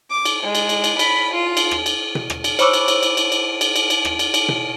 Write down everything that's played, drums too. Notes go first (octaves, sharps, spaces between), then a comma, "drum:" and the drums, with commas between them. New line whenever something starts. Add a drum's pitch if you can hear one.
D6
drum: cymbal
G#3
drum: cymbal
drum: cymbal
drum: cymbal
B5, drum: cymbal
F4
drum: cymbal
drum: rim click
drum: cymbal
drum: tom B2
drum: rim click
drum: cymbal
C5 C#5 B5 C#6 D6 E6, drum: cymbal
drum: cymbal
drum: cymbal
drum: cymbal
drum: cymbal
drum: cymbal
drum: cymbal
drum: cymbal
drum: cymbal
drum: rim click
drum: cymbal
drum: cymbal
drum: tom B2